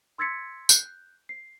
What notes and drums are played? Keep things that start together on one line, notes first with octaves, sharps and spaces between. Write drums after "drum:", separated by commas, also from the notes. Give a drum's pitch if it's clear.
C6 E6 G#6 A6 B6 C#7
F#6 G6, drum: tambourine
C7